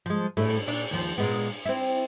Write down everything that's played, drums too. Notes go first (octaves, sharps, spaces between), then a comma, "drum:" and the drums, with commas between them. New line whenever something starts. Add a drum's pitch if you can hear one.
F3 G#3
A2 A3, drum: cymbal
A#2 D4 D5
D#2 F3
A#2 G#3 B3
C4 E4